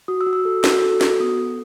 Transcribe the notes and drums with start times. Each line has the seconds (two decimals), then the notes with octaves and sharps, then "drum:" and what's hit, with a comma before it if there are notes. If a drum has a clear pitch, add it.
0.08 F#4 D#6
0.21 E6
0.27 F#4
0.33 E6
0.45 A4
0.64 F#4, drum: snare
0.82 A4
1.01 F#4, drum: snare
1.20 B3 D#6
1.39 A4